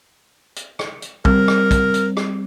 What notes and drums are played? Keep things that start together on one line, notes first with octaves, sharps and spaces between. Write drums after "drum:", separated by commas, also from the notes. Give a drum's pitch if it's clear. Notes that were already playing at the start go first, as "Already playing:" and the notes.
drum: hi-hat
drum: rim click
drum: hi-hat
G3 C4 A#4, drum: kick
drum: rim click
drum: kick, hi-hat
drum: hi-hat
drum: rim click